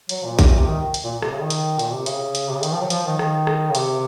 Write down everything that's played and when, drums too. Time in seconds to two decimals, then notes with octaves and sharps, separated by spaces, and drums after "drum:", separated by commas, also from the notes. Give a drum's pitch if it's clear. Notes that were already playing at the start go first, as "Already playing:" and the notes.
0.09 F#3, drum: hi-hat
0.24 A#2
0.39 C3, drum: kick, hi-hat
0.48 A#2
0.57 C3
0.66 D#3
0.94 drum: hi-hat
1.04 A#2
1.22 C3, drum: rim click
1.32 C#3
1.41 D#3
1.50 drum: hi-hat
1.79 A#2, drum: hi-hat
1.93 C3
2.06 C#3, drum: hi-hat
2.35 drum: hi-hat
2.48 C3
2.55 C#3
2.63 D#3, drum: hi-hat
2.72 F3
2.82 F#3
2.90 F3, drum: hi-hat
3.06 D#3
3.19 D#3, drum: rim click
3.47 drum: rim click
3.70 C#3
3.75 C3, drum: hi-hat